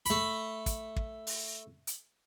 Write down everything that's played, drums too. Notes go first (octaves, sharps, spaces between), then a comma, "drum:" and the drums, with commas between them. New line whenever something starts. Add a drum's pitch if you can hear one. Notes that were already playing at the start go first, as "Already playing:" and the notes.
A3 B5, drum: hi-hat
drum: kick, hi-hat
drum: kick
drum: open hi-hat
drum: hi-hat